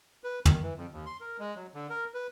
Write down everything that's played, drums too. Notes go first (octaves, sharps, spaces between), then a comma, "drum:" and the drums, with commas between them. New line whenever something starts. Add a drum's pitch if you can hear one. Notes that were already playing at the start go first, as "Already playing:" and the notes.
B4
D#3, drum: tom
E3
F2
D#2
C6
A#4
G#3
F#3
D3
A#4
B4